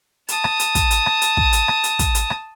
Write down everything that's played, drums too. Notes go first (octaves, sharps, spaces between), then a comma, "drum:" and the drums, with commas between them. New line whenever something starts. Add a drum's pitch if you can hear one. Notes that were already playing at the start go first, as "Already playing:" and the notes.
A5 D#6, drum: hi-hat
drum: rim click
drum: hi-hat
drum: kick, hi-hat
drum: hi-hat
drum: rim click
drum: hi-hat
drum: kick
drum: hi-hat
drum: rim click
drum: hi-hat
drum: kick, hi-hat
drum: hi-hat
drum: rim click